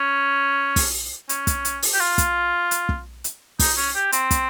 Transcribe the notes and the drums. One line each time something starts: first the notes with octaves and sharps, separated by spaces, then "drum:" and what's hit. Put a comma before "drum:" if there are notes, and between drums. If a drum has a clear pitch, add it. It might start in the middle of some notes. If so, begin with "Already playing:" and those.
Already playing: C#4
drum: kick, open hi-hat
C#4, drum: hi-hat
drum: kick, hi-hat
drum: hi-hat
drum: open hi-hat
G4
F4
drum: kick, hi-hat
drum: hi-hat
drum: kick
drum: hi-hat
D#4, drum: kick, open hi-hat
C#4
G4
C4, drum: hi-hat
drum: kick, hi-hat